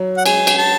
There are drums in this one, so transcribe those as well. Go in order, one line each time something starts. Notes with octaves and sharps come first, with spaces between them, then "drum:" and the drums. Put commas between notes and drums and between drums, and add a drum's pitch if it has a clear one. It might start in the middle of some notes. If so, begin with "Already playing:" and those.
Already playing: F#3
F#5
G#3 G#5, drum: cymbal
drum: cymbal
A5